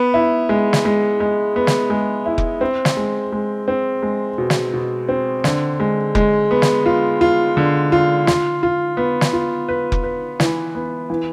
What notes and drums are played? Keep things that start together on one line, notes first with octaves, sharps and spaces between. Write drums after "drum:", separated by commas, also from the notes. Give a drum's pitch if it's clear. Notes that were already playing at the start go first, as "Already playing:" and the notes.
Already playing: B3
E4
G#3
drum: snare
G#3
G#3
B3
drum: snare
G#3
E4
drum: kick F1
C4
drum: snare
G#3
G#3
C4
G#3
B2
drum: snare
B2
C4
D3, drum: snare
G#3
G#3, drum: kick F1
B3
drum: snare
F4
F4
D3
F4
F4, drum: snare
F4
B3
drum: snare
F4
B4
drum: kick F1
B4
E3, drum: snare
B3
E3